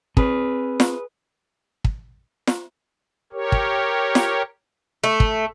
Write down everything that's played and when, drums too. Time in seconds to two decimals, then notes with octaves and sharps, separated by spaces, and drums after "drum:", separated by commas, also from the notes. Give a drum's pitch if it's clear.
0.17 C4 G#4 B4, drum: kick
0.80 drum: snare
1.84 drum: kick
2.47 drum: snare
3.33 G4 A#4 C#5
3.52 drum: kick
4.15 drum: snare
5.03 A3
5.20 drum: kick